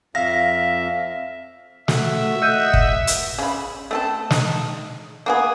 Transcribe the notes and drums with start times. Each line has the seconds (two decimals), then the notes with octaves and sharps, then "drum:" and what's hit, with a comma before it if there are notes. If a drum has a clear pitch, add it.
0.15 F2 E5 F5 A#6
1.88 A3 F#4 E5, drum: snare
2.42 D#5 F#5 E6 G6 D#7
2.74 drum: kick
3.07 drum: hi-hat
3.38 C#3 B5
3.91 A3 C4 A4
4.30 D#4, drum: snare
5.26 A#3 B3 G#4